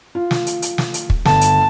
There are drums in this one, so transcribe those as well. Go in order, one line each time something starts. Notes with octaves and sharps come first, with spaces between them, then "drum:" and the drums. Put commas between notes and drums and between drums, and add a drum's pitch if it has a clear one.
F4
drum: snare
drum: hi-hat
drum: hi-hat
drum: snare
drum: hi-hat
drum: kick
G1 A5, drum: snare
drum: hi-hat